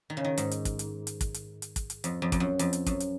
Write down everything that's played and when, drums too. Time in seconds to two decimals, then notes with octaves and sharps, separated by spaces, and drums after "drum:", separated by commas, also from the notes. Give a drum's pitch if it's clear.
0.10 D#3
0.17 C#3
0.24 D#3
0.38 G#2, drum: hi-hat
0.51 drum: hi-hat
0.65 drum: kick, hi-hat
0.79 drum: hi-hat
1.07 drum: hi-hat
1.21 drum: kick, hi-hat
1.34 drum: hi-hat
1.62 drum: hi-hat
1.76 drum: kick, hi-hat
1.90 drum: hi-hat
2.04 F2, drum: hi-hat
2.22 F2
2.32 F2, drum: kick, hi-hat
2.40 F#2
2.59 F2, drum: hi-hat
2.73 drum: hi-hat
2.86 F#2, drum: kick, hi-hat
3.00 drum: hi-hat